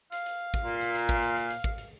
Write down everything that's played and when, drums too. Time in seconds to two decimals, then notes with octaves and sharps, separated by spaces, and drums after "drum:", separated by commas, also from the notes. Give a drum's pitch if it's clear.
0.12 F5, drum: hi-hat
0.26 drum: hi-hat
0.54 drum: kick, hi-hat
0.63 A#2
0.81 drum: hi-hat
0.95 drum: hi-hat
1.09 drum: kick, hi-hat
1.23 drum: hi-hat
1.37 drum: hi-hat
1.50 drum: hi-hat
1.64 drum: kick
1.78 drum: hi-hat